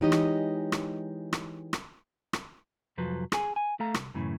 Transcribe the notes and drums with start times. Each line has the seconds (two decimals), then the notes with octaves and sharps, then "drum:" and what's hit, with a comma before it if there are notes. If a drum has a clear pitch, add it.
0.01 E3 G#3 D#4 G4 C#5 D#5
0.12 drum: rim click
0.72 drum: rim click
1.33 drum: rim click
1.73 drum: rim click
2.33 drum: rim click
2.98 C2 F2 F3 F#3 B4
3.32 G#4 G#5, drum: rim click
3.56 G#5
3.80 A3 A4 F5 A#5
3.94 C2, drum: rim click
4.14 F#2 A2 C#3 E3